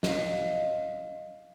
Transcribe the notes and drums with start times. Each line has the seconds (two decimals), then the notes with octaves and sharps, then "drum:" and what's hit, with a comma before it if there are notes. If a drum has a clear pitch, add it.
0.03 D#5 F5, drum: snare